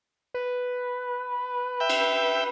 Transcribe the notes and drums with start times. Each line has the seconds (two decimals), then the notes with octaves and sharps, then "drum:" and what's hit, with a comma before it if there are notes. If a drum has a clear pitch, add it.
0.34 B4
1.80 E5 G5
1.90 drum: cymbal